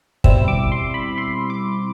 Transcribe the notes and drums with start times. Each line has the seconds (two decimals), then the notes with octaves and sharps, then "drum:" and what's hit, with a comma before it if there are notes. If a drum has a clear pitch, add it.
0.24 B2 G3 C4 E4 E6, drum: kick
0.48 D6
0.72 C6
0.94 B5
1.18 C6
1.50 D6